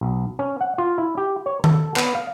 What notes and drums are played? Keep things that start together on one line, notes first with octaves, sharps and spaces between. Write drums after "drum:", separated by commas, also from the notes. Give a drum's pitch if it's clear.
B1
C#4
F#5
F4
E4
G4
C#5
A4, drum: tom D#3
B3, drum: clap
F5